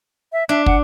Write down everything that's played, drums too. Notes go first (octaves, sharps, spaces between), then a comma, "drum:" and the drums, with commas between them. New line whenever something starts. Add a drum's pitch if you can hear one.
E5
D4 E5
F#5, drum: kick